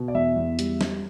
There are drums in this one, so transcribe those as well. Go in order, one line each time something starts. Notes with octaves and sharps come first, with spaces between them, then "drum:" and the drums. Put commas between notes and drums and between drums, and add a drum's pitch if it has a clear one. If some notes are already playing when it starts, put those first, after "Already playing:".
Already playing: B2
D5
E2 E5
E2
G3, drum: hi-hat
G3, drum: snare